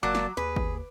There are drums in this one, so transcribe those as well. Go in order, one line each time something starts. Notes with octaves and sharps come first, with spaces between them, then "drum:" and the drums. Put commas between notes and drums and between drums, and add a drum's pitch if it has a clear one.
F#1 F#3 A#3 D5 A5 D6
drum: snare
D#2 G#4 B4
drum: kick